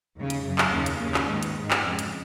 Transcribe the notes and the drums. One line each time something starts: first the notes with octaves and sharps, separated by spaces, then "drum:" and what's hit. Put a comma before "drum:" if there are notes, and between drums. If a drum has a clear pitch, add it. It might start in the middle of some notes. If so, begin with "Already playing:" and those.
D#2 C#3
drum: hi-hat
F#2 C#3
drum: clap
D#2 C#3 A#3 C#4
drum: hi-hat
D#2 C#3 A#3 C#4
drum: clap
G#2 D#3 G#3 B3
drum: hi-hat
G#2 D#3
drum: clap
F2
C#3
drum: hi-hat